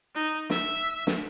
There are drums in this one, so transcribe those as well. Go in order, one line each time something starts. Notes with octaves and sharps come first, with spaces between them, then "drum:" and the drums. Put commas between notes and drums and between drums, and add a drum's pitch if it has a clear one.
D#4
E5, drum: snare
drum: snare